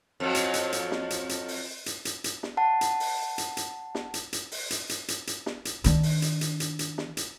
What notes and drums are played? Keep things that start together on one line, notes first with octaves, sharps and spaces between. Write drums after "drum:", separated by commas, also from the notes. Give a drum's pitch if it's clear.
F2 F3 F#3
drum: hi-hat
drum: hi-hat
drum: hi-hat
drum: snare
drum: hi-hat
drum: hi-hat
drum: open hi-hat
drum: hi-hat
drum: hi-hat
drum: hi-hat
drum: snare
F#5 A5
drum: hi-hat
drum: open hi-hat
drum: hi-hat
drum: hi-hat
drum: snare
drum: hi-hat
drum: hi-hat
drum: open hi-hat
drum: hi-hat
drum: hi-hat
drum: hi-hat
drum: hi-hat
drum: snare
drum: hi-hat
D#3 D4, drum: hi-hat
drum: open hi-hat
drum: hi-hat
drum: hi-hat
drum: hi-hat
drum: hi-hat
drum: snare
drum: hi-hat